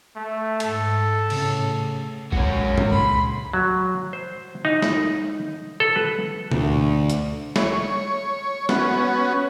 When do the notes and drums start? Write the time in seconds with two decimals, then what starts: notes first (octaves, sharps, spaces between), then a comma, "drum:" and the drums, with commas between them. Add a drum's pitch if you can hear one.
0.16 A3
0.60 G#2 A4, drum: cymbal
1.30 A2 C#3, drum: cymbal
2.32 G#3 C#4 F#4 B4, drum: kick A1
2.78 drum: tom
2.91 C#2 A#2 B5 C6
3.53 F#3
4.13 C5
4.65 D#4
4.82 drum: snare
5.80 A4
5.96 B4
6.52 D2, drum: tom
7.10 drum: hi-hat
7.56 C#5, drum: snare
8.69 B3 C#4 F#4, drum: snare